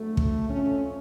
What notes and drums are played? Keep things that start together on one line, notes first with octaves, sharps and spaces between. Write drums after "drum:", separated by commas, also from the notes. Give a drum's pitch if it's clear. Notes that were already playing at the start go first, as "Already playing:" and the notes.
Already playing: F2 D3 F#3 A3
drum: kick
F2 F3 A3 C#4